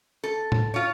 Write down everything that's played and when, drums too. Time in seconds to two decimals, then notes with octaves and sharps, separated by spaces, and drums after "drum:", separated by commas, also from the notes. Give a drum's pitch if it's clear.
0.24 A4
0.52 drum: tom A2
0.74 F4 C#5